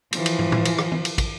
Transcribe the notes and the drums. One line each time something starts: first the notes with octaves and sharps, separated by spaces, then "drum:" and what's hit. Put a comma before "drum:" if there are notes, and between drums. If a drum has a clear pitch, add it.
E3 F3, drum: cymbal
drum: cymbal
drum: tom
drum: tom A2
drum: cymbal
drum: rim click
drum: tom
drum: cymbal
drum: kick, cymbal